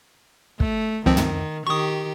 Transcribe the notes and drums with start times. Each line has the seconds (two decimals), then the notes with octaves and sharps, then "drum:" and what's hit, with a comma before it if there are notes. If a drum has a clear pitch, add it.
0.60 A3, drum: kick
1.06 C#2 D#3 F3 C4
1.17 drum: tom
1.67 D#3 G4 C#6 D#6